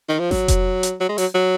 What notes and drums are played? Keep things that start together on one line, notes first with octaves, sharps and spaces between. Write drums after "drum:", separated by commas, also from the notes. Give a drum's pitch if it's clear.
D#3
F3
F#3, drum: snare G#1
drum: kick F1, hi-hat
drum: hi-hat
F#3
G#3
F#3, drum: open hi-hat
F#3